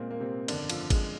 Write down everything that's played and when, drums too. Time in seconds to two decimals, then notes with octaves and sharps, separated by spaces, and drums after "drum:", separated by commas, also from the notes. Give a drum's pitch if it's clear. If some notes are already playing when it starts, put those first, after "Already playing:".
Already playing: A#2 G#3 A#3 C4
0.11 A#3
0.20 C3 C4
0.48 G1 F2 D3 D#3 D4, drum: cymbal
0.70 F3 F4, drum: cymbal
0.90 G#3, drum: kick G#1, cymbal